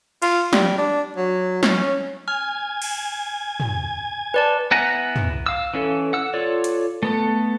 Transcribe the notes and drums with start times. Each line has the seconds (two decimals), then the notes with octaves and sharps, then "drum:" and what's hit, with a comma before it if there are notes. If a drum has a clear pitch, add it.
0.22 F4, drum: cymbal
0.53 G3, drum: snare
0.78 D4
1.16 F#3
1.63 C#4, drum: snare
2.28 G#5 F6 G#6
2.82 drum: cymbal
3.60 drum: tom
4.34 B4 D5 A5
4.71 B3 E4 F#5 G#5 A#5
5.16 drum: tom
5.46 F5 E6
5.74 E3 C#4 A4
6.13 F#5 E6
6.33 F4 A4 C#5 D5
6.64 drum: hi-hat
7.03 A3 B3 A4